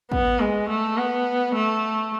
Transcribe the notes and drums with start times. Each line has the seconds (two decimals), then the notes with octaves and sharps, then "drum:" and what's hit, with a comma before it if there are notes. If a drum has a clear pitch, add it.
0.12 B3, drum: kick
0.40 G#3
0.69 A3
0.98 B3
1.55 A3